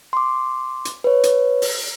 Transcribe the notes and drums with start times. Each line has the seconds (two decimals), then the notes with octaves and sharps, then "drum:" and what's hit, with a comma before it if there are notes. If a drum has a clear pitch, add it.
0.13 C6 D6
0.85 drum: hi-hat
1.04 B4 C#5
1.23 drum: hi-hat
1.62 drum: open hi-hat